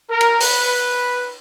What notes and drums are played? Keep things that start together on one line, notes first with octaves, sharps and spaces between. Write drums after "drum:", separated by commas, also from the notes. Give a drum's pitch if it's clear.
A#4
drum: cymbal
B4, drum: open hi-hat